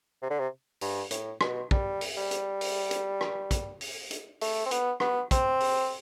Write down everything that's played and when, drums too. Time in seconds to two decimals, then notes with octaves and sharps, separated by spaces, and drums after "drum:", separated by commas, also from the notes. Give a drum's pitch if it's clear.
0.22 C3
0.30 D3
0.39 C3
0.81 G2, drum: open hi-hat
1.11 A2, drum: hi-hat
1.41 B2, drum: rim click
1.71 G3, drum: kick
2.01 drum: open hi-hat
2.17 G3
2.31 drum: hi-hat
2.61 drum: open hi-hat
2.91 drum: hi-hat
3.21 drum: rim click
3.51 drum: kick, hi-hat
3.81 drum: open hi-hat
4.11 drum: hi-hat
4.41 A3, drum: open hi-hat
4.66 C4
4.71 B3, drum: hi-hat
5.00 B3, drum: rim click
5.31 C4, drum: kick, hi-hat
5.60 drum: open hi-hat